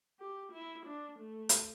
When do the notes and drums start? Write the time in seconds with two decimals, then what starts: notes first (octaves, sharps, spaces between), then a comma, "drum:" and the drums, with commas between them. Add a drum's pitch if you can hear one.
0.20 G4
0.52 E4
0.86 D4
1.19 A3
1.49 drum: hi-hat